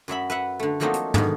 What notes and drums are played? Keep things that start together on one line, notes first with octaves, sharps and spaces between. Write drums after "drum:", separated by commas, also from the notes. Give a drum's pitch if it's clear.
F#2 F#3 E5 B5
B4 E5 F#5
D3 A3
F3 F#3 A3 A#3 C4 D#4
drum: hi-hat
G#2 B2 D3 D#3, drum: tom